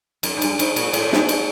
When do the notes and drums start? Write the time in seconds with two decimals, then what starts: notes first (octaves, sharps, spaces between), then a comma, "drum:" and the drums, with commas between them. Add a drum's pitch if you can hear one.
0.23 F#2, drum: cymbal
0.37 G#2
0.42 G2, drum: cymbal
0.59 G#2, drum: cymbal
0.76 A#2, drum: cymbal
0.93 A2, drum: cymbal
1.13 G2, drum: snare
1.16 G#2
1.29 drum: cymbal